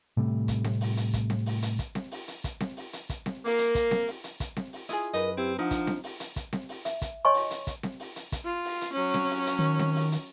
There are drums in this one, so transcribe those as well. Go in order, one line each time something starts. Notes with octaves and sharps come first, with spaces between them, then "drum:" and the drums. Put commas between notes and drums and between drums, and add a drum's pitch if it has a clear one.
A2 C3 G3 A3
drum: kick, hi-hat
drum: snare C4
drum: open hi-hat
drum: hi-hat
drum: kick, hi-hat
drum: snare C4
drum: open hi-hat
drum: hi-hat
drum: kick, hi-hat
drum: snare C4
drum: open hi-hat
drum: hi-hat
drum: kick, hi-hat
drum: snare C4
drum: open hi-hat
drum: hi-hat
drum: kick, hi-hat
drum: snare C4
A#3, drum: open hi-hat
drum: hi-hat
drum: kick, hi-hat
drum: snare C4
drum: open hi-hat
drum: hi-hat
drum: kick, hi-hat
drum: snare C4
drum: open hi-hat
E4 F4 G#4 D#5, drum: hi-hat
F#2 A#4 B4 D#5
C4 E4 G4
F3 D4 D#4 A#4 F#5
drum: kick, hi-hat
drum: snare C4
drum: open hi-hat
drum: hi-hat
drum: kick, hi-hat
drum: snare C4
drum: open hi-hat
E5, drum: hi-hat
drum: kick, hi-hat
C#5 D#5 G#5 C6 C#6
drum: open hi-hat
drum: hi-hat
drum: kick, hi-hat
drum: snare C4
drum: open hi-hat
drum: hi-hat
drum: kick, hi-hat
F4
drum: open hi-hat
drum: hi-hat
F#3 C#4
drum: snare C4
drum: open hi-hat
drum: hi-hat
D#3
drum: snare C4
drum: open hi-hat
drum: hi-hat